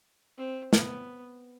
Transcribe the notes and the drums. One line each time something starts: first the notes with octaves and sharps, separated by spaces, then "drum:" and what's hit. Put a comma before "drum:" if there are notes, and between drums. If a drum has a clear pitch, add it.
C4
B3, drum: snare